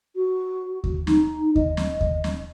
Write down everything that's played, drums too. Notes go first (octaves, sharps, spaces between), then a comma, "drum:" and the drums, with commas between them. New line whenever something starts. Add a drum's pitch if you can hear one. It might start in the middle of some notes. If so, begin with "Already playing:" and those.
F#4
drum: kick D#2
D#4, drum: snare
D#5, drum: kick D#2
drum: snare
drum: kick D#2
drum: snare